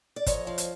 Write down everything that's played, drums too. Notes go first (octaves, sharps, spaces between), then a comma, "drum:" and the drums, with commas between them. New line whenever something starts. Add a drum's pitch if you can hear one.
D5
F2 C#5 D#5, drum: kick G#1, hi-hat
F3
drum: hi-hat